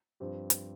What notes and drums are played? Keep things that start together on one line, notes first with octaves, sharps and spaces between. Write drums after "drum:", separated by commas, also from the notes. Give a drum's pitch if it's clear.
G2 F3 C4 G4
drum: hi-hat